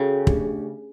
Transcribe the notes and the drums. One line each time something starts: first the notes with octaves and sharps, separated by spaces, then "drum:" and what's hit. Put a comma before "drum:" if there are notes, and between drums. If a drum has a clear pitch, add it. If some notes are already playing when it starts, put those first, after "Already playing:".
Already playing: C#3 F#4 A4 C#5 G5
A3 D4 G4, drum: kick